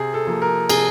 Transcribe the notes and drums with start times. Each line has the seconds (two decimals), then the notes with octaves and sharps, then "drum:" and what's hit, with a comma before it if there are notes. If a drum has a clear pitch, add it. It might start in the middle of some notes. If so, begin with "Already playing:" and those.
Already playing: C3 G#4
0.14 A4
0.27 F3 A#3
0.42 A#4
0.70 C3 G#4, drum: cymbal